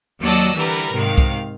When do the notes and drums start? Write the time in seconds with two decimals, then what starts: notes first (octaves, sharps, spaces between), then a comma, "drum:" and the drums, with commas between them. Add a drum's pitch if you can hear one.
0.21 D#2 F#3 D5 D#5 A5 E6
0.40 drum: hi-hat
0.55 D3 E3 G3 A#4 B4
0.79 drum: hi-hat
0.93 G#2 C3 D#3 F5
1.18 drum: kick C2, hi-hat